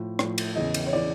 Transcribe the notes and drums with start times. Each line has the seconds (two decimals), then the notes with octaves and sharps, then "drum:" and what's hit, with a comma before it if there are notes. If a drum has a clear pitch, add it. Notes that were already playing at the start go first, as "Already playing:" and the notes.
Already playing: A2 F3
0.19 A2 F3, drum: rim click
0.38 drum: cymbal
0.55 E2 C#3 E3 D#5
0.74 drum: cymbal
0.87 C#5
0.93 C#3 E3 D5